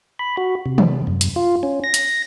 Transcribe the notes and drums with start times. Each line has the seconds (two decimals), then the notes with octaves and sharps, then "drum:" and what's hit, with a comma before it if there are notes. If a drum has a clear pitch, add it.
0.19 B5
0.37 F#4
0.66 C3
0.78 drum: tom
1.07 F#2
1.21 drum: hi-hat
1.36 F4
1.63 C#4
1.84 A#6
1.94 drum: hi-hat